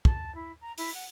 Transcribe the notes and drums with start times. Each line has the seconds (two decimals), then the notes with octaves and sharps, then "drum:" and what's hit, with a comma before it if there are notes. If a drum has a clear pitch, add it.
0.05 A5, drum: kick
0.35 E4
0.61 A#5
0.78 E4, drum: open hi-hat
0.94 F#5